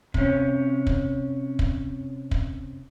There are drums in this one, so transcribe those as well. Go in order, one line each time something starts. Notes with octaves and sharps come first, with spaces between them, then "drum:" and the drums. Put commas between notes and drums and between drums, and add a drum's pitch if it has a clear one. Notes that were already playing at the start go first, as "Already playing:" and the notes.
C3 C#4, drum: kick
drum: kick
drum: kick
drum: kick